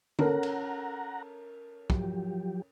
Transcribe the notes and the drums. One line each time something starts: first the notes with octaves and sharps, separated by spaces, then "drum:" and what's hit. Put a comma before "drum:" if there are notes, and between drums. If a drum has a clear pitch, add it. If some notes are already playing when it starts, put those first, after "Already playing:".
C#4 A4 A#4 F#5 A#5, drum: tom D3
drum: cymbal
F3 F#3 G4, drum: kick